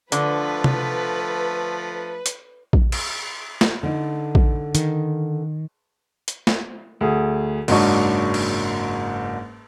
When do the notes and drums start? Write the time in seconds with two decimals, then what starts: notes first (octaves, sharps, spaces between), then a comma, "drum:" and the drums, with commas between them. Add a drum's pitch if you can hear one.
0.12 D3 F3 A3 B4, drum: hi-hat
0.64 drum: tom C3
2.26 drum: hi-hat
2.73 drum: kick A#1
2.92 drum: cymbal
3.61 drum: snare
3.83 D3 D#4
4.35 drum: kick A#1
4.75 D#3, drum: hi-hat
6.28 drum: hi-hat
6.47 drum: snare
7.01 D2 G#4
7.68 F#1 G#2 F#3 D4 D#5 C#6, drum: cymbal
8.34 drum: cymbal